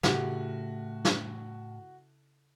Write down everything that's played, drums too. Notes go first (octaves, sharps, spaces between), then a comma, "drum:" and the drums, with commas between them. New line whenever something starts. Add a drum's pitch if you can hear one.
A2 C#3 F#4 G4, drum: snare
drum: snare